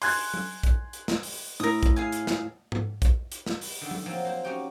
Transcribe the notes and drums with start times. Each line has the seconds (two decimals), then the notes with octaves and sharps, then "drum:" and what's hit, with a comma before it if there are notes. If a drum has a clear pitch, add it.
0.02 G#5 C6 F#6 G#6, drum: open hi-hat
0.34 drum: tom
0.63 drum: kick, hi-hat
0.93 drum: hi-hat
1.08 drum: snare
1.23 drum: open hi-hat
1.60 A2 A#4 D#6
1.83 drum: kick, hi-hat
1.96 G#4 F5 G#5
2.12 drum: hi-hat
2.27 drum: snare
2.72 drum: tom G#2
3.02 drum: kick, hi-hat
3.32 drum: hi-hat
3.46 drum: snare
3.61 drum: open hi-hat
3.81 D3 D#3
3.91 drum: tom
4.06 F3 F#3 A#3 C4
4.25 A#3 C5
4.44 C#4 D#4 F#4 G4 G5